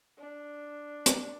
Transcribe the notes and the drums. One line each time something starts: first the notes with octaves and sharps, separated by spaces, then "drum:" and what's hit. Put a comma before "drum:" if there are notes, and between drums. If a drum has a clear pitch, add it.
D4
drum: hi-hat